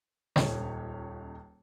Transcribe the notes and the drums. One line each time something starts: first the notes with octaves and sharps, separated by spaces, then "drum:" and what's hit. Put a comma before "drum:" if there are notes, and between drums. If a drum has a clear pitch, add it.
D#1 C#2 C#5, drum: snare